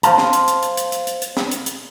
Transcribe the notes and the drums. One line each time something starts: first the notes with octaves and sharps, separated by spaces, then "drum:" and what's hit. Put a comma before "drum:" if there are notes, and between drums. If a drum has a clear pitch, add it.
C5 F5 A5, drum: hi-hat
drum: snare
drum: hi-hat
drum: hi-hat
drum: hi-hat
drum: hi-hat
drum: hi-hat
drum: hi-hat
drum: hi-hat
drum: snare
drum: hi-hat
drum: hi-hat